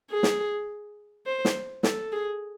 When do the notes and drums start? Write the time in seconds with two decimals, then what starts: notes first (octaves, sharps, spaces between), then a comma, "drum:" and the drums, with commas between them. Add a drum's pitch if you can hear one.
0.10 G#4
0.23 drum: snare
1.26 C5
1.45 drum: snare
1.83 A4, drum: snare
2.12 G#4